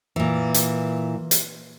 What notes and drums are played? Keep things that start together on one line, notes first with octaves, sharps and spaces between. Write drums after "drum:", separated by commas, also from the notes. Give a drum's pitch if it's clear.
A#2 E3
drum: hi-hat
drum: hi-hat